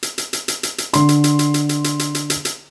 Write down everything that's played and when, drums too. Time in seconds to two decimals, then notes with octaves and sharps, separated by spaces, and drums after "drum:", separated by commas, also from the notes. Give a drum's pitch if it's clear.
0.03 drum: hi-hat
0.18 drum: hi-hat
0.33 drum: hi-hat
0.48 drum: hi-hat
0.63 drum: hi-hat
0.78 drum: hi-hat
0.93 D3 C6, drum: hi-hat
1.09 drum: hi-hat
1.24 drum: hi-hat
1.39 drum: hi-hat
1.54 drum: hi-hat
1.69 drum: hi-hat
1.84 drum: hi-hat
1.99 drum: hi-hat
2.15 drum: hi-hat
2.30 drum: hi-hat
2.45 drum: hi-hat